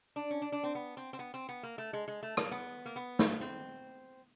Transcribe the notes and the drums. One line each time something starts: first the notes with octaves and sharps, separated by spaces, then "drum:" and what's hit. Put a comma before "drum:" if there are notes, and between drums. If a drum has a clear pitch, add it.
D4
C#4
D4
D4
C4
B3
C4
C4
B3
C4
B3
A#3
A3
G#3
G#3
A3
A#3, drum: rim click
B3
A#3
B3
drum: snare
C4